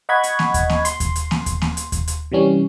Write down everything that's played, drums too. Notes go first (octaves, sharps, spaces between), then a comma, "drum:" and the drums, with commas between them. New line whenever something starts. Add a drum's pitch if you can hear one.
D#5 F#5 B5 C#6 G#6
drum: hi-hat
drum: snare A#3
drum: kick D#2, hi-hat
drum: snare A#3
C6, drum: hi-hat
drum: kick D#2, hi-hat
drum: hi-hat
drum: snare A#3
drum: kick D#2, hi-hat
drum: snare A#3
drum: hi-hat
drum: kick D#2, hi-hat
drum: hi-hat
C3 E3 G3 C#4